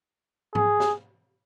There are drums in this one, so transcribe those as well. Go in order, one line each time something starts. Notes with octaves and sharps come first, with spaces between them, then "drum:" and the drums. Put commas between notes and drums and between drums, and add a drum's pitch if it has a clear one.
G#4, drum: tom G#2
drum: snare